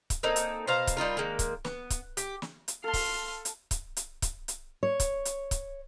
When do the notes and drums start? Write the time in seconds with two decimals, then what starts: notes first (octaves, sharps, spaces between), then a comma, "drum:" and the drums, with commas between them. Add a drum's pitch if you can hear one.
0.10 drum: kick C#1, hi-hat
0.23 A#3 C4 D#4 A4
0.36 drum: hi-hat
0.67 B2 C5 F5 A#5
0.87 drum: kick C#1, hi-hat
0.97 G3 D#4 F4 A#4
1.17 D#3 G#3 A#3
1.39 drum: kick C#1, hi-hat
1.65 B3, drum: snare
1.90 drum: kick C#1, hi-hat
2.17 G4, drum: hi-hat
2.42 drum: snare
2.68 drum: hi-hat
2.84 A4 F5 A5 C6
2.93 drum: kick C#1, open hi-hat
3.45 drum: hi-hat
3.71 drum: kick C#1, hi-hat
3.97 drum: hi-hat
4.22 drum: kick C#1, hi-hat
4.48 drum: hi-hat
4.83 C#5
5.00 drum: kick C#1, hi-hat
5.25 drum: hi-hat
5.51 drum: kick C#1, hi-hat